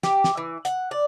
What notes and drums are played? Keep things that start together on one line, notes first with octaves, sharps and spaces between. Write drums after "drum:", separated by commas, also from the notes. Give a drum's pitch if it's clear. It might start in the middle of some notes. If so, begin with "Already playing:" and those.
G4, drum: snare
drum: snare
E3
F#5, drum: hi-hat
D5